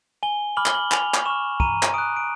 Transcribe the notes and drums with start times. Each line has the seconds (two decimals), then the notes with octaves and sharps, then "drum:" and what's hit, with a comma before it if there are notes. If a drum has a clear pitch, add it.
0.23 G#5 G7
0.57 B5 D6 F6 F#7
0.66 G7, drum: clap
0.74 F#7
0.91 G#5 F7, drum: clap
1.14 drum: clap
1.25 C#6 F6 E7
1.60 A#5 D#7, drum: kick
1.83 drum: clap
1.94 D#6 F#6 D7
2.17 D7